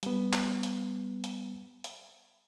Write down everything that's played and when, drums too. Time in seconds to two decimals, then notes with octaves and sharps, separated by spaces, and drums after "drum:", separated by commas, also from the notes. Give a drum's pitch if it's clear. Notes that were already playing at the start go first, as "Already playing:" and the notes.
0.03 G3 B3, drum: hi-hat
0.33 drum: clap
0.63 drum: hi-hat
1.24 drum: hi-hat
1.84 drum: hi-hat